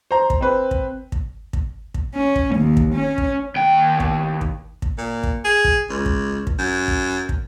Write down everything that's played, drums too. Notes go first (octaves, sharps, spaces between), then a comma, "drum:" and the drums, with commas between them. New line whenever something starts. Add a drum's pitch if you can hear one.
C5 A#5
drum: kick
C4 B4
drum: kick
drum: kick
drum: kick
drum: kick
C#4
drum: kick
D#2
drum: kick
C#4
drum: kick
D#2 G5
drum: kick
drum: kick
drum: kick
A#2
drum: kick
G#4
drum: kick
C#2
drum: kick
drum: kick
F#2
drum: kick
drum: kick